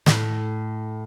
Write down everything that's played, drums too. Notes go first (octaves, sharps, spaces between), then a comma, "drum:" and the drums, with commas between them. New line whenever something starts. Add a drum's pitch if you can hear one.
A2, drum: snare